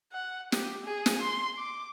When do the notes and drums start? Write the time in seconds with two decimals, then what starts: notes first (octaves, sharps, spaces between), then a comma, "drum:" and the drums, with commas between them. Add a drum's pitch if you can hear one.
0.12 F#5
0.52 G4, drum: snare
0.84 G#4
1.06 drum: snare
1.22 C6
1.57 D6